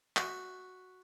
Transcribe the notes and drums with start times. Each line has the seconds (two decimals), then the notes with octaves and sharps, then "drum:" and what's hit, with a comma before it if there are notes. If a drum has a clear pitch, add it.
0.17 F#4 E5 F#5, drum: clap